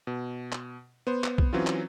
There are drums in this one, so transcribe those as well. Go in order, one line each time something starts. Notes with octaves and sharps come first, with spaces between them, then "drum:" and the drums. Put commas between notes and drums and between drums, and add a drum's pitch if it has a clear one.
B2
drum: clap
B3 C5
drum: clap
drum: kick
E3 F#3 C4 C#4 F4
drum: clap